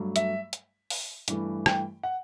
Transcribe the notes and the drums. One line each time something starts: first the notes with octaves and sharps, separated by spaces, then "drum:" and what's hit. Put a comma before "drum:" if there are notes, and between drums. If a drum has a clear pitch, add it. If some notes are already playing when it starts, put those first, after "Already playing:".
Already playing: G2 F#3 A3
E5, drum: hi-hat
drum: hi-hat
drum: open hi-hat
G2 E3 A3, drum: hi-hat
G5, drum: rim click
F#5